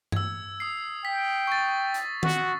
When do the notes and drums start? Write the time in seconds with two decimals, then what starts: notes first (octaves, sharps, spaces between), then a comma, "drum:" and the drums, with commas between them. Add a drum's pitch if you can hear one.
0.12 E6 G#6, drum: tom G2
0.60 D#6 C7
1.05 G5 B6
1.47 C#6 A6
1.94 drum: hi-hat
2.23 F#4, drum: tom D#3